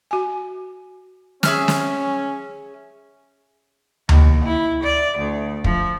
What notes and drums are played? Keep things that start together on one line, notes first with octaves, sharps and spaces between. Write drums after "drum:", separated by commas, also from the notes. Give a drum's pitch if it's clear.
F#4 G#5
C#4 G#4 E5 F6, drum: snare
drum: snare
D#2, drum: tom D2
E4
D5
D2
F3, drum: kick